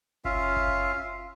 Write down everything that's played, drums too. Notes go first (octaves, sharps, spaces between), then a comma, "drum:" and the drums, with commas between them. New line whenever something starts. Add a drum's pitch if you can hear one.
C#4 F4 E5 F5, drum: kick F#1
drum: kick F#1